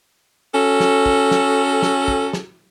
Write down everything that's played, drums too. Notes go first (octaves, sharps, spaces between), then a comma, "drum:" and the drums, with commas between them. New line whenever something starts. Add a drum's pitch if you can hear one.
C#4 F#4 A4
drum: snare
drum: kick
drum: snare
drum: snare
drum: kick
drum: snare